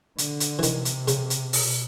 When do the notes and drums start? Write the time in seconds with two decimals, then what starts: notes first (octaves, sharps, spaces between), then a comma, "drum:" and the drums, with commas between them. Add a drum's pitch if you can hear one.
0.18 D3, drum: hi-hat
0.40 drum: hi-hat
0.59 E3
0.63 C3 D#3, drum: hi-hat
0.85 drum: hi-hat
1.08 C#3, drum: hi-hat
1.30 drum: hi-hat
1.53 B2, drum: open hi-hat